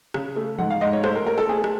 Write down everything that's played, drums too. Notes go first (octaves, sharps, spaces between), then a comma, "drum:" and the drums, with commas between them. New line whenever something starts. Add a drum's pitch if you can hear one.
C#3, drum: rim click
A3
G#2 F#5, drum: tom E3
F5
G#2 D#5
C#5
A3 C5, drum: rim click
A#4
A3 A#4
A4
A3 G#4
drum: rim click